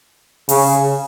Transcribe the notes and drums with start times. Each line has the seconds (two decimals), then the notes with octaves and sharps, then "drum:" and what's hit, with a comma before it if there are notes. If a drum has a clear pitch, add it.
0.49 C#3, drum: open hi-hat